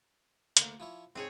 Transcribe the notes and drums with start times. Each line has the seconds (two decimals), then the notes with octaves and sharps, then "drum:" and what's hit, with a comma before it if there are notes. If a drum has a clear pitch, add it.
0.57 D2 A#3, drum: hi-hat
0.80 F3 E4 C#5
1.15 G#2 C4 G#4 C#5 A5